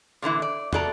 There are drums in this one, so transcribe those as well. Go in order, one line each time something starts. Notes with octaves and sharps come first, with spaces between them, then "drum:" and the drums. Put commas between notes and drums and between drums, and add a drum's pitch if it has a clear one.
A#2 D3 E3 E4
D5
E2 F#4 A4 D5 A#5, drum: tom